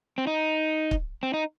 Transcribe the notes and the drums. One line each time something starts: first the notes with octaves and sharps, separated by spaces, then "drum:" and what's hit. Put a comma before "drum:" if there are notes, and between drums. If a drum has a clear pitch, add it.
C4
D#4
drum: kick
C4
D#4